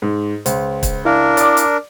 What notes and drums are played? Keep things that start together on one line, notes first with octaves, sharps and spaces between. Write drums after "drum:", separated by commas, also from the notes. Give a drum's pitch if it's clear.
G#2
C#2 C5, drum: hi-hat
drum: kick, hi-hat
D4 E4 A#4 F5
D5 D6, drum: hi-hat
drum: hi-hat